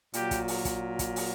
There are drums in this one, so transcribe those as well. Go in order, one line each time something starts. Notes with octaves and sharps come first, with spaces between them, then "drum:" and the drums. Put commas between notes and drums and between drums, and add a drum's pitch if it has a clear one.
A#2 F#3 G4, drum: hi-hat
drum: kick, hi-hat
drum: open hi-hat
drum: kick, hi-hat
drum: kick, hi-hat
drum: open hi-hat